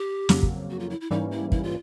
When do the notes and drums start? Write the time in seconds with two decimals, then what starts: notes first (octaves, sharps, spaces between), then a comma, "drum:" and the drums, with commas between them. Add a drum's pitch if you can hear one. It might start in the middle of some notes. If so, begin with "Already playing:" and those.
Already playing: G4
0.29 F2 C#3 F#3 A#3, drum: snare
0.43 drum: kick
0.70 F#4
0.80 F4
0.90 E4
1.01 E4
1.11 G#2 E3 G3 A#3 C#4 D#4
1.31 E4
1.52 E4, drum: kick
1.63 F4